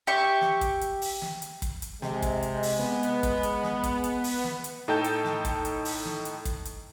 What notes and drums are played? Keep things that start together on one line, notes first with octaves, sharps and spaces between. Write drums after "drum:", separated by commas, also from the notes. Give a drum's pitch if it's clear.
G4 E5 C#6
drum: snare
drum: kick, hi-hat
drum: hi-hat
drum: open hi-hat
drum: snare
drum: hi-hat
drum: kick, hi-hat
drum: hi-hat
C3 G#3, drum: snare
drum: kick, hi-hat
drum: hi-hat
drum: open hi-hat
B3
drum: hi-hat
drum: kick, hi-hat
drum: hi-hat
drum: snare
drum: kick, hi-hat
drum: hi-hat
drum: open hi-hat
drum: snare
drum: hi-hat
A2 D#4 A4 G5 A5 G6
drum: hi-hat
drum: snare
drum: kick, hi-hat
drum: hi-hat
drum: open hi-hat
drum: snare
drum: hi-hat
drum: kick, hi-hat
drum: hi-hat